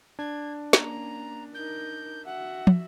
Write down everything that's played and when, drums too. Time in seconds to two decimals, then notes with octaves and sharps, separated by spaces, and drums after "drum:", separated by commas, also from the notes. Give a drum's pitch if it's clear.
0.19 D4 G#6
0.73 A#3 C#4 A#5, drum: snare
1.54 D#4 A#4 G6
2.25 F#4 E5 F#5
2.67 drum: tom